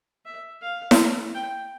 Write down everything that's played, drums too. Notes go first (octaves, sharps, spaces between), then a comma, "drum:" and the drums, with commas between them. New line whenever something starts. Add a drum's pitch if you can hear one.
E5
F5
drum: snare E4
G5